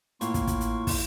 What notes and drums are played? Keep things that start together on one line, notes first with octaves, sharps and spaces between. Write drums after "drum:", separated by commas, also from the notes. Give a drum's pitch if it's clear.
A2 A#3 F4 C#6, drum: hi-hat
drum: kick, hi-hat
drum: kick, hi-hat
drum: hi-hat
drum: kick, open hi-hat